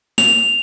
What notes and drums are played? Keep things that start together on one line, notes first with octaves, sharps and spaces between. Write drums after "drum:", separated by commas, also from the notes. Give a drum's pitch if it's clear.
F7, drum: snare